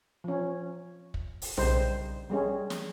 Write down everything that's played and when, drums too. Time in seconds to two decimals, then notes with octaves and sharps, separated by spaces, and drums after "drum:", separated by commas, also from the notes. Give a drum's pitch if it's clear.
0.24 F3 C#4
1.14 drum: kick
1.42 drum: open hi-hat
1.57 C#3 G3 D#4 C5, drum: tom B1
2.30 G3 G#3 C#4
2.70 drum: snare